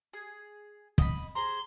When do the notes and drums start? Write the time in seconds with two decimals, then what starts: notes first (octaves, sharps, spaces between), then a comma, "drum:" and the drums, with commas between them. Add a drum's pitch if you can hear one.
0.13 G#4
0.98 D#5 A#5 B5, drum: kick
1.35 G#4 C5 A#5 C6